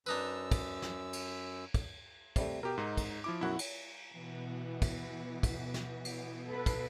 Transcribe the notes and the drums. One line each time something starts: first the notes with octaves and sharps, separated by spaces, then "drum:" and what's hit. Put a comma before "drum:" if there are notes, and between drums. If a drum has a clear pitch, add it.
F#2 D4 D#4 B4 E6
drum: kick, cymbal
drum: snare
drum: cymbal
drum: kick, cymbal
C3 G3 A3, drum: kick, cymbal
B2 G4 A#4 G5
G#2 D#4
drum: kick, cymbal
F3 E4 D6
B1 F#2 E4 F#4 F#5
drum: cymbal
B2 E3 B3
drum: kick, cymbal
drum: kick, cymbal
drum: snare
drum: cymbal
A4 B4
drum: kick, cymbal